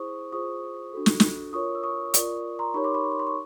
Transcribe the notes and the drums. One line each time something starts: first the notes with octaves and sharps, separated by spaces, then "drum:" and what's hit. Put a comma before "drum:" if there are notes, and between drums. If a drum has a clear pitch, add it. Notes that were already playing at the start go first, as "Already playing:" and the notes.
Already playing: E4 G#4 C5 C#6 D#6
F4 G#4 C5 C#6 D#6
D4 F#4 A4
drum: snare
drum: snare
F4 A#4 C#5 C#6 D#6
E6
C#6 D#6
F4 A#4 D5, drum: hi-hat
A#5 C6
D#4 G4 A#4 C#5 B5 C#6
C6 D6
B5 C#6
C6
C#6
C6
C#6